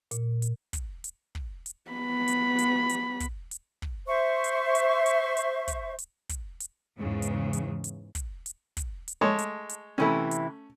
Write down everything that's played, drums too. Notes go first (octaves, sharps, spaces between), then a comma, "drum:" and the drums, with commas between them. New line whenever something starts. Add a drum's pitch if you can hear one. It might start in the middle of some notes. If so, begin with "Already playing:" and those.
A#2, drum: hi-hat
drum: hi-hat
drum: kick, hi-hat
drum: hi-hat
drum: kick
drum: hi-hat
B3 B5
drum: hi-hat
drum: hi-hat
drum: hi-hat
drum: kick, hi-hat
drum: hi-hat
drum: kick
C5 E5 C#6
drum: hi-hat
drum: hi-hat
drum: hi-hat
drum: hi-hat
drum: kick, hi-hat
drum: hi-hat
drum: kick, hi-hat
drum: hi-hat
E2 G#2 C#3 E3
drum: hi-hat
drum: hi-hat
drum: hi-hat
drum: kick, hi-hat
drum: hi-hat
drum: kick, hi-hat
drum: hi-hat
G#3 A3 C#5 A5
drum: hi-hat
drum: hi-hat
C3 E3 A3 C#4 E4
drum: hi-hat